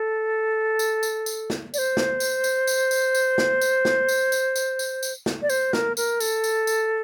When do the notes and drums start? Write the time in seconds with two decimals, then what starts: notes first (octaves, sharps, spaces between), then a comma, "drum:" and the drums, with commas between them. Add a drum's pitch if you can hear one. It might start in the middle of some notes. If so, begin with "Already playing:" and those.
Already playing: A4
0.79 drum: tambourine
1.03 drum: tambourine
1.26 drum: tambourine
1.50 drum: snare
1.74 D5, drum: tambourine
1.78 C5
1.97 drum: snare
2.20 drum: tambourine
2.44 drum: tambourine
2.67 drum: tambourine
2.91 drum: tambourine
3.14 drum: tambourine
3.38 drum: snare
3.61 drum: tambourine
3.85 drum: snare
4.09 drum: tambourine
4.32 drum: tambourine
4.56 drum: tambourine
4.79 drum: tambourine
5.03 drum: tambourine
5.26 drum: snare
5.42 D5
5.50 C5, drum: tambourine
5.73 A#4, drum: snare
5.97 A#4, drum: tambourine
6.20 A4, drum: tambourine
6.44 drum: tambourine
6.67 drum: tambourine